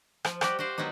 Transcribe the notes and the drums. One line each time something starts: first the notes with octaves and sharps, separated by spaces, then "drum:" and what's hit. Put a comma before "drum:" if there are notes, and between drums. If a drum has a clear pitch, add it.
F3, drum: rim click
G3 F#4 G4, drum: rim click
F#4 G4 C5 F5
D#3 F#3 G#3 B3 D#4